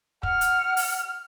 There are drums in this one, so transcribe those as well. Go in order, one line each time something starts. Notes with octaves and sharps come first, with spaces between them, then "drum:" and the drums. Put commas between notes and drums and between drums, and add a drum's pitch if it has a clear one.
F#5 F6, drum: kick
drum: hi-hat
drum: open hi-hat